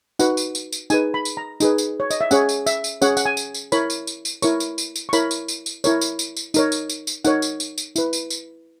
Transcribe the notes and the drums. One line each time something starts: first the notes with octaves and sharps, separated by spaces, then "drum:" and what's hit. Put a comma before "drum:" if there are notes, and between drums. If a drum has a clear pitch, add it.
D#4 F#4 B4 F#5, drum: tambourine
drum: tambourine
drum: tambourine
drum: tambourine
D#4 G#4 B4 G#5, drum: tambourine
B5
drum: tambourine
A#5
D#4 G#4 B4, drum: tambourine
drum: tambourine
C#5
D#5, drum: tambourine
E5
C#4 G#4 C#5 F#5, drum: tambourine
drum: tambourine
E5, drum: tambourine
drum: tambourine
C#4 G#4 C#5 F#5, drum: tambourine
F#5, drum: tambourine
G#5
drum: tambourine
drum: tambourine
E4 A#4 C#5 B5, drum: tambourine
drum: tambourine
drum: tambourine
drum: tambourine
E4 A#4 C#5 C#6, drum: tambourine
drum: tambourine
drum: tambourine
drum: tambourine
C#6
E4 A#4 C#5 B5, drum: tambourine
drum: tambourine
drum: tambourine
drum: tambourine
E4 A#4 C#5, drum: tambourine
drum: tambourine
drum: tambourine
drum: tambourine
D#4 A#4 C#5, drum: tambourine
drum: tambourine
drum: tambourine
drum: tambourine
D#4 A#4 C#5 F#5, drum: tambourine
drum: tambourine
drum: tambourine
drum: tambourine
E4 B4, drum: tambourine
drum: tambourine
drum: tambourine